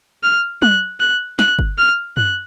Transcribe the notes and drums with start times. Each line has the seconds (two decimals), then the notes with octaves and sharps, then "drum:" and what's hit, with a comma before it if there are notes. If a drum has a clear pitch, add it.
0.23 F6
0.62 F#6, drum: tom
1.00 F#6
1.39 F#6, drum: snare
1.59 drum: kick G1
1.78 F6
2.17 F#6, drum: tom